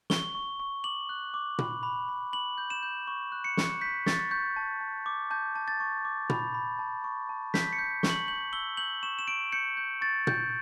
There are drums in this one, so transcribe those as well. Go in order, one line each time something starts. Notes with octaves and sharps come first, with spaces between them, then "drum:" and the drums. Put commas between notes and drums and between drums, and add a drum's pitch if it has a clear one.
C#6 G7, drum: snare
C#6
C#6
D6 F#7
F#6
D6
B5, drum: tom A#2
B5
B5
B5 F#7
G6
E7
G6
C#6
F#6
C#7
C#6, drum: snare
G6 B6
C#6 A6, drum: snare
C#6 G6
A5
A5
D6
A5 G6
A5
A6
C#6
D6
B5, drum: tom A#2
B5
A5
C#6
A5
G6 B6, drum: snare
C#7
G6
C#6, drum: snare
F#7
G6 F#7
E6 G7
G6 F#7
C#6 E7
E7
C#6 D7
G6 C#7
G6
C#6 A6
G6, drum: tom A#2